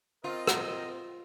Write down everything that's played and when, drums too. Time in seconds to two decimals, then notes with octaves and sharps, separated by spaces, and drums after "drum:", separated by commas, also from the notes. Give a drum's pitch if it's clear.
0.24 C4 F4 A#4 D#5
0.47 drum: rim click